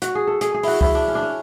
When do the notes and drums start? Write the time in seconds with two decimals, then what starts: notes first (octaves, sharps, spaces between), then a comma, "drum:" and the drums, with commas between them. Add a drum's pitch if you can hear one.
0.02 F#4, drum: hi-hat
0.15 G#4
0.27 A4
0.41 G#4, drum: hi-hat
0.54 G#4
0.63 E4 F#4, drum: open hi-hat
0.81 E4, drum: kick C#2
0.95 D4
1.08 C#4
1.15 D4
1.23 C#4